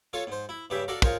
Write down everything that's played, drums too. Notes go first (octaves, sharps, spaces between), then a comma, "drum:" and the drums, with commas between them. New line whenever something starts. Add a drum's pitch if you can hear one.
F4 A4 C#5 F5
G#2 C5
E4
G2 C#3 G4 E5
F#4 A4 D5 F5 A#5
F4 G#4 A#4 C5 C#5, drum: kick